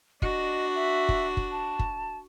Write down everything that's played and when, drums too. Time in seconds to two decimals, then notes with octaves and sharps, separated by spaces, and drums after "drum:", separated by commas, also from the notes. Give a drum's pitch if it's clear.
0.22 D4 F#4 D#5, drum: kick
0.75 E5
1.09 drum: kick
1.37 drum: kick
1.51 A5
1.79 drum: kick